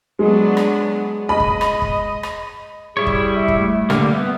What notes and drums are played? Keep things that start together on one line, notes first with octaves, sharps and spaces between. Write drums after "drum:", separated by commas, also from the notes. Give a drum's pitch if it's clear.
F#3 G#3 B3 D4
drum: rim click
D#5 B5
drum: kick
drum: rim click
drum: kick
drum: rim click
G3 E4 G#4 C#5
drum: kick
E5
drum: kick
A3
D3 G3 A#3, drum: rim click
B3 E5